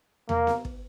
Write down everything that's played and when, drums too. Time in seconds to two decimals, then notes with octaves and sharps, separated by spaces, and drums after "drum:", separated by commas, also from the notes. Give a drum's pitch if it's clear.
0.29 A#3, drum: tom E2
0.47 drum: snare B3
0.65 drum: kick